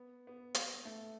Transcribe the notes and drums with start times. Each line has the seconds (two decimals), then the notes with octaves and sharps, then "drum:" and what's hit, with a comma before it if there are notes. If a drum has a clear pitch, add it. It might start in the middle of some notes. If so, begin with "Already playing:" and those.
Already playing: B3
0.27 B3
0.54 drum: hi-hat
0.85 A3